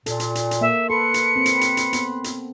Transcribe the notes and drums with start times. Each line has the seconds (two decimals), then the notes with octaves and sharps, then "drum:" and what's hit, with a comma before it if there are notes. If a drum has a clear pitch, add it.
0.06 A#2 A4, drum: hi-hat
0.20 drum: hi-hat
0.35 drum: hi-hat
0.51 drum: hi-hat
0.61 A#3 E5
0.90 A4 B4 B5 C6 C#7
1.14 drum: hi-hat
1.36 C4
1.46 drum: hi-hat
1.61 drum: hi-hat
1.77 drum: hi-hat
1.93 B3, drum: hi-hat
2.24 drum: hi-hat